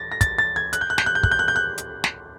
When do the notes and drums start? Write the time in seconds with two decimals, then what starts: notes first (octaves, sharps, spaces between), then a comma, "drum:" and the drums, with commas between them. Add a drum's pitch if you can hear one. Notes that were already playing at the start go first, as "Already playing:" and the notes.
Already playing: A6 A#6
0.12 A#6
0.21 A6, drum: kick, hi-hat
0.38 A6
0.56 G#6
0.73 F#6, drum: hi-hat
0.81 G6
0.90 F#6
0.98 G6, drum: snare
1.06 F#6
1.15 G6
1.23 F#6, drum: kick
1.31 G6
1.39 F#6
1.48 G6
1.56 F#6
1.78 drum: hi-hat
2.04 drum: snare